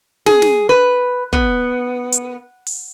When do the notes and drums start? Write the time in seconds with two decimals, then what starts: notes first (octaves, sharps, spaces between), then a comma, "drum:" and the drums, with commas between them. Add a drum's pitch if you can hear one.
0.26 G#4, drum: snare
0.42 drum: snare
0.69 B4
1.33 B3, drum: kick
2.12 drum: hi-hat
2.66 drum: open hi-hat